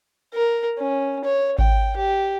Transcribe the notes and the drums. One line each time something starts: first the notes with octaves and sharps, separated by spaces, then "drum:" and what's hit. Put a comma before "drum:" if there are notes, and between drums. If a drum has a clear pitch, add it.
A#4
C#4
C#5
G5, drum: kick G#1
G4